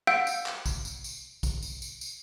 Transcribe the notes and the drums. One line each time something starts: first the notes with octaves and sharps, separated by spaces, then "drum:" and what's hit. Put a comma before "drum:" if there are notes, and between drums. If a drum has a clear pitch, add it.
F5 F#5 E6 G6 D7
drum: tambourine
drum: clap
drum: kick, tambourine
drum: tambourine
drum: tambourine
drum: kick, tambourine
drum: tambourine
drum: tambourine
drum: tambourine